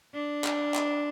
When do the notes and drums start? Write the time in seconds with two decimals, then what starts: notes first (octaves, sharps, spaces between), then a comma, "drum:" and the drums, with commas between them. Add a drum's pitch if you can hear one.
0.14 D4
0.44 drum: clap
0.74 drum: clap